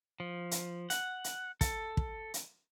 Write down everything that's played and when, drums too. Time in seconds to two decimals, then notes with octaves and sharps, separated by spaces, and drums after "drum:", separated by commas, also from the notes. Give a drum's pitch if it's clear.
0.20 F3
0.51 drum: hi-hat
0.90 F#5, drum: hi-hat
1.24 drum: hi-hat
1.61 A4, drum: kick, hi-hat
1.97 drum: kick
2.34 drum: hi-hat